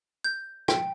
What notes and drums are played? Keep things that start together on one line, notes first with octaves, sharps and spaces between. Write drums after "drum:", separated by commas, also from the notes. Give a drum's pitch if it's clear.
G6
G5, drum: rim click